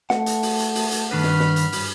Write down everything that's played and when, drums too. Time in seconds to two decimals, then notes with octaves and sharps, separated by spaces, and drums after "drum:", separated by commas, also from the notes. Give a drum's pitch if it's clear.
0.10 A3 F#5, drum: snare
0.26 drum: hi-hat
0.42 drum: open hi-hat
0.59 drum: hi-hat
0.75 drum: open hi-hat
0.91 drum: hi-hat
1.11 G2 D#3 D4 B4 B5 F6
1.24 drum: snare
1.40 drum: snare
1.56 drum: hi-hat
1.72 drum: open hi-hat